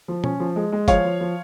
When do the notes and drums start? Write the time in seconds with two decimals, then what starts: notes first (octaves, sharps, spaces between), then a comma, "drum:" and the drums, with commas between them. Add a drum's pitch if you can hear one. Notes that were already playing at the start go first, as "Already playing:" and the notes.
0.08 F3
0.24 C#4, drum: tom B2
0.40 F3
0.56 G#3
0.72 G#3
0.88 F3 C#5 F5, drum: kick, hi-hat
1.04 F3
1.20 F3